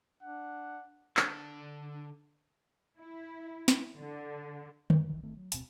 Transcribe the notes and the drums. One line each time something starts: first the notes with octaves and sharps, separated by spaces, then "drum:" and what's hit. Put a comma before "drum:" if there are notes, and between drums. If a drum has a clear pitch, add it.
D4 F#5
D3 D4, drum: clap
E4
drum: snare
D3
F#2, drum: tom D3
F1 C2 D#3 E3
G1 D#3 A3 C4
F#3
F1 D2 B2 C4, drum: hi-hat